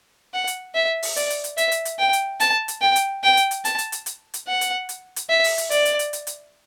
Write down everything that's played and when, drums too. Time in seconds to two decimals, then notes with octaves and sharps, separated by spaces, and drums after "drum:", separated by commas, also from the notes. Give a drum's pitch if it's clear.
0.34 F#5
0.47 drum: hi-hat
0.75 E5
1.03 drum: open hi-hat
1.16 D5, drum: hi-hat
1.30 drum: hi-hat
1.44 drum: hi-hat
1.58 E5, drum: hi-hat
1.72 drum: hi-hat
1.85 drum: hi-hat
1.99 G5
2.13 drum: hi-hat
2.40 A5, drum: hi-hat
2.68 drum: hi-hat
2.81 G5
2.96 drum: hi-hat
3.24 G5
3.37 drum: hi-hat
3.51 drum: hi-hat
3.65 A5, drum: hi-hat
3.78 drum: hi-hat
3.92 drum: hi-hat
4.06 drum: hi-hat
4.34 drum: hi-hat
4.48 F#5
4.61 drum: hi-hat
4.89 drum: hi-hat
5.16 drum: hi-hat
5.30 E5
5.44 drum: open hi-hat
5.58 drum: hi-hat
5.71 D5, drum: hi-hat
5.85 drum: hi-hat
5.99 drum: hi-hat
6.13 drum: hi-hat
6.27 drum: hi-hat